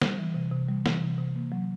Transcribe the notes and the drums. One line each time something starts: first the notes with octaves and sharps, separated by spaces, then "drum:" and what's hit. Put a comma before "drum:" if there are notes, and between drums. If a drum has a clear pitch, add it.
G3, drum: snare
E3
C3
C3
G3
E3, drum: snare
C3
C3
A#3
F#3